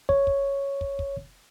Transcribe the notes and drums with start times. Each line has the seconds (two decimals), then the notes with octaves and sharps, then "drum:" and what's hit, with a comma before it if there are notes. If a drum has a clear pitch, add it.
0.09 C#5, drum: kick
0.27 drum: kick
0.81 drum: kick
0.99 drum: kick